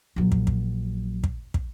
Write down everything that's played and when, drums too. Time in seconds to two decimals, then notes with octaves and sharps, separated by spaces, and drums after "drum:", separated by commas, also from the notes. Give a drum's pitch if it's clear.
0.16 A#1 F#3
0.32 drum: kick
0.47 drum: kick
1.24 drum: kick
1.54 drum: kick